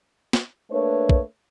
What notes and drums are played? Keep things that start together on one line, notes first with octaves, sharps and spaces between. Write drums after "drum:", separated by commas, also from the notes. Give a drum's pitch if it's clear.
drum: snare
A3 A#3 D4 B4 C#5
drum: kick